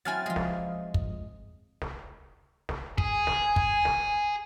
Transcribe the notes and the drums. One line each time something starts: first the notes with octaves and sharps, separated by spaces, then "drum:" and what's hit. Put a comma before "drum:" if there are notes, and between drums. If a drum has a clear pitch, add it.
F#3 C4 E4 G#5 F6 A6
F3 G#3 F4 D#6
drum: snare
drum: kick
drum: snare
drum: snare
G#4 G#5, drum: kick
drum: snare
drum: kick
drum: snare